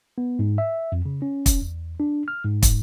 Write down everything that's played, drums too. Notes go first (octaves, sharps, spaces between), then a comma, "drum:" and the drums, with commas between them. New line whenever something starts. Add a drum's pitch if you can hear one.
B3
G#2
E5
F2
C#3
C#4
drum: kick, hi-hat
E2
D4
F6
G#2
drum: kick, hi-hat